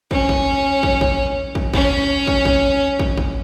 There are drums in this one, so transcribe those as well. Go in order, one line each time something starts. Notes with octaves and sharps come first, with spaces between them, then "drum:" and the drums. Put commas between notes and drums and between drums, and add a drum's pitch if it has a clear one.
C#4, drum: kick
drum: kick
drum: kick
drum: kick
drum: kick
C#4, drum: kick
drum: kick
drum: kick
drum: kick
drum: kick